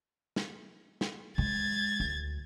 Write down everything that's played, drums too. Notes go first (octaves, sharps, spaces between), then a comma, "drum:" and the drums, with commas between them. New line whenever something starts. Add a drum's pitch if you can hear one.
drum: snare
drum: snare
G#3 G#6 A6, drum: tom C3
D2